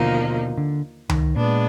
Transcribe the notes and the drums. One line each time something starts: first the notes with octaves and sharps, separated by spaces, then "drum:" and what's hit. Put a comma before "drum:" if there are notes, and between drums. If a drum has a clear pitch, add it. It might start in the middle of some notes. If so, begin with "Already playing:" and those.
Already playing: D#2 B2 D3 F3 A#3 D#4
D3
D#3, drum: tom C#2
A#2 G#3 B3 D4